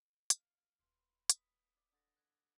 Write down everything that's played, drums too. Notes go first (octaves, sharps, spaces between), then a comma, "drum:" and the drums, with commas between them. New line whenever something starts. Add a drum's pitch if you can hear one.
F5, drum: hi-hat
D#1 F4 B4 C6
B5 D#6 B6, drum: hi-hat
D5
D3 D#6 A6 A#6
F#6 G#6